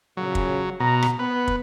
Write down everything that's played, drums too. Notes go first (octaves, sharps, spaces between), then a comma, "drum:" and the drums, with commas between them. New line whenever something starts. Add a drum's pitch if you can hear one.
A#2 C#3 F#3
drum: kick
B2 A#5
drum: rim click
B3 B4
drum: kick